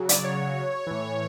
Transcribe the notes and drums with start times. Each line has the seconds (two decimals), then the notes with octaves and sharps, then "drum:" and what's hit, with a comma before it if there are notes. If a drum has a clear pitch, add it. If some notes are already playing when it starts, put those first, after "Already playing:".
Already playing: C#3 F#3
0.09 D5, drum: hi-hat
0.19 D5
0.24 C#5
0.87 A2 E3